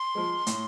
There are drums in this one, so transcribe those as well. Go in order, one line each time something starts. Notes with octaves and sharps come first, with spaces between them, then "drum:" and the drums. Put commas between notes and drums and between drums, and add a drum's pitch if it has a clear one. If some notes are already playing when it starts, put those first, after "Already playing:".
Already playing: C6
F3 G#3
A2, drum: hi-hat